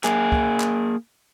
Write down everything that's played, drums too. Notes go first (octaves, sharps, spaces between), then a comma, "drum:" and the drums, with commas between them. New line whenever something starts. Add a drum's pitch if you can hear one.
A#3 G#4, drum: clap
drum: kick
drum: clap